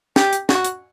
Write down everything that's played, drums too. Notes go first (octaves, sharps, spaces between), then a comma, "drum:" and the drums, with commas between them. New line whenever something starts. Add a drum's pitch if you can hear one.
G4, drum: snare
drum: hi-hat
F#4, drum: snare
drum: hi-hat